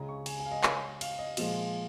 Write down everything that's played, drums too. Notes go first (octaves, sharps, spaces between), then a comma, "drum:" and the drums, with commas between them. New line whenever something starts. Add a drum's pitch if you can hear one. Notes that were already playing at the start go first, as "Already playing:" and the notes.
Already playing: C#2 C#3 G#3 A#5
C#6
G#5, drum: cymbal
G#5
F5
D#5
C#5, drum: clap
F5, drum: cymbal
D#5
A#2 F3 G#3 F4, drum: cymbal